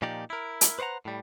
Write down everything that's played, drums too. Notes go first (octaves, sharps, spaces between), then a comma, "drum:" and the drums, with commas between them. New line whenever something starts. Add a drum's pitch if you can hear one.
A#2 F3 D#4 G4 D5
E4 A#4
drum: hi-hat
B4 C5 D5 F#5 A#5
A2 G3